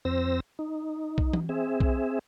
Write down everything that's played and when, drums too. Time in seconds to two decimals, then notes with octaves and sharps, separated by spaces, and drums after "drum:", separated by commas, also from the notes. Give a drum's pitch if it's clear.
0.05 F2 C4 C5 E6 A#6
0.59 D#4
1.18 drum: kick B1
1.33 drum: tom E3
1.49 C4 G#4 E5
1.80 drum: kick B1